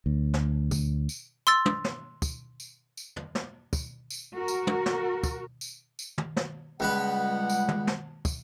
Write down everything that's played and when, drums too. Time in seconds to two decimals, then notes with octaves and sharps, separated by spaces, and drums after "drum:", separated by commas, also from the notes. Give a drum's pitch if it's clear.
0.06 D2
0.34 drum: snare
0.71 drum: kick, tambourine
1.09 drum: tambourine
1.47 C6 E6 A6
1.66 drum: tom
1.84 drum: snare
2.22 drum: kick, tambourine
2.60 drum: tambourine
2.97 drum: tambourine
3.16 drum: tom
3.35 drum: snare
3.73 drum: kick, tambourine
4.10 drum: tambourine
4.34 F#4 A#4
4.48 drum: tambourine
4.67 drum: tom
4.86 drum: snare
5.23 drum: kick, tambourine
5.61 drum: tambourine
5.99 drum: tambourine
6.18 drum: tom
6.37 drum: snare
6.80 C#2 G3 B3 B4 F#5
7.50 drum: tambourine
7.68 drum: tom
7.87 drum: snare
8.25 drum: kick, tambourine